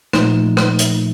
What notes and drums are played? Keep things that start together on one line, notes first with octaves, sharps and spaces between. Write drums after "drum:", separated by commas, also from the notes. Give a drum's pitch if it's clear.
A#2 F3 A3 D#4, drum: rim click
drum: rim click
drum: hi-hat